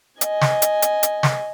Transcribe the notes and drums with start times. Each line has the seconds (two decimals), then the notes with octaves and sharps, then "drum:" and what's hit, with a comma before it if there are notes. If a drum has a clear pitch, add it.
0.21 D#5 G#5, drum: hi-hat
0.41 drum: snare
0.62 drum: hi-hat
0.82 drum: hi-hat
1.03 drum: hi-hat
1.23 drum: snare